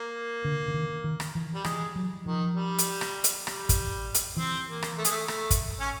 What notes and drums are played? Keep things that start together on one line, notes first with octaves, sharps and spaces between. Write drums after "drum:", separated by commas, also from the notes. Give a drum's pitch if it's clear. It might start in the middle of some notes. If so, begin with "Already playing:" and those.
Already playing: A#3
D3
D3
D#3
D#3
drum: rim click
E3
G3
E3 G#3, drum: rim click
F#3
D#3 F3
G3
drum: hi-hat
drum: rim click
drum: hi-hat
G3, drum: rim click
drum: kick, hi-hat
drum: hi-hat
E3 C4
A#3
drum: rim click
A3
G#3, drum: hi-hat
A3
A3, drum: rim click
drum: kick, hi-hat
C#4